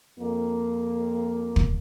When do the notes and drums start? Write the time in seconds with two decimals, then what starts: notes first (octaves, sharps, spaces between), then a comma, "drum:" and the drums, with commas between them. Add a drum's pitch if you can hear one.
0.18 F2 A#3
1.56 drum: kick